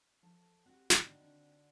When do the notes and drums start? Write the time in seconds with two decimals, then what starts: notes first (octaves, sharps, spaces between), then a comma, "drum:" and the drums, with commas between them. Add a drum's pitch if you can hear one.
0.22 F3 A4 A5
0.66 C4 F#4 G4 F#5
0.90 E2 G#2 B2 D3 D#3, drum: snare
1.21 D3 C4